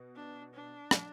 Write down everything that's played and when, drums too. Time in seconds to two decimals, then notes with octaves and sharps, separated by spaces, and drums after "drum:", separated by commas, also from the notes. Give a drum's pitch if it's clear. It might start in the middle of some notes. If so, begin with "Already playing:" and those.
Already playing: B2
0.16 D4
0.54 D4
0.91 drum: rim click